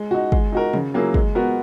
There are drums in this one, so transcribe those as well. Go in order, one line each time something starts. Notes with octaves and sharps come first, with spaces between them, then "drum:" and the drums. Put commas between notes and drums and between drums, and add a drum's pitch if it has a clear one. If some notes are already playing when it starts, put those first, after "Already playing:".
Already playing: G#3
D#4 F#4
G#3, drum: kick
D#4 F#4 A#4
C#3, drum: tom
F#3 A#3 E4 G#4
G#3, drum: kick
B3 F#4 A#4